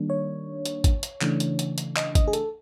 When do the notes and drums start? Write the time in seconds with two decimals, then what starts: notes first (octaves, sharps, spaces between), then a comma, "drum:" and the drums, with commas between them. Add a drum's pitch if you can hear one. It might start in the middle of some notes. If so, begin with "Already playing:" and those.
Already playing: D#3 G3 A#3 D4
0.10 C#5
0.66 drum: hi-hat
0.84 drum: kick, hi-hat
1.03 drum: hi-hat
1.21 C#3 E3 A3 D4, drum: clap
1.40 drum: hi-hat
1.59 drum: hi-hat
1.78 drum: hi-hat
1.97 D#5, drum: clap
2.15 D#5, drum: kick, hi-hat
2.28 G#4
2.33 A4, drum: hi-hat